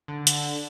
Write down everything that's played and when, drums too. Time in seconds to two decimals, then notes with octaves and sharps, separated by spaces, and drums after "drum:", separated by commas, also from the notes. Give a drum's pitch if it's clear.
0.08 D3
0.27 drum: hi-hat